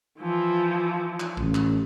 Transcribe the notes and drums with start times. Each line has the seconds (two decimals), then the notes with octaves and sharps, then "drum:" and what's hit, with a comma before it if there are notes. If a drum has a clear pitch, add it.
0.20 E3 F3
1.20 drum: clap
1.37 A1, drum: kick
1.55 drum: clap